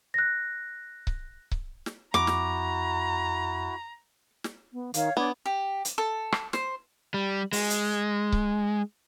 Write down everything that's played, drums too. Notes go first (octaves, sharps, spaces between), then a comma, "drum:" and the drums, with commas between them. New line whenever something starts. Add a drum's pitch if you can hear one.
F#6 A#6
drum: kick C#1
drum: kick C#1
drum: snare
F2 E4 F#4 A#5 D6, drum: snare
drum: snare
drum: snare
B3
D#3 C#5 F5, drum: hi-hat
B3 D4 C#5 D5
G4
drum: hi-hat
A4
drum: rim click
C5, drum: snare
G3
G#3, drum: open hi-hat
drum: hi-hat
drum: kick C#1